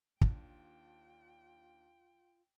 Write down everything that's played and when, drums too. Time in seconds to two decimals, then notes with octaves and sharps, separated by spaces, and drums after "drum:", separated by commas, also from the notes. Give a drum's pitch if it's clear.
0.21 D#2 D4 F4 G5, drum: kick